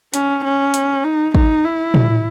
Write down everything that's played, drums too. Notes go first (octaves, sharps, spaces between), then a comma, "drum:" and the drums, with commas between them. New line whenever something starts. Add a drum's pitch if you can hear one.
C#4, drum: hi-hat
C#4
drum: hi-hat
D#4
D#4, drum: kick
E4
drum: tom